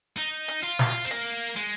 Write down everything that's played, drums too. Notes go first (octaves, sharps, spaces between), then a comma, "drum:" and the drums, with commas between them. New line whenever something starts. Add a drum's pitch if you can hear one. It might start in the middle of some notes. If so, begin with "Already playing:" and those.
D#4
drum: hi-hat
F4
drum: snare
C4
A#3, drum: hi-hat
G#3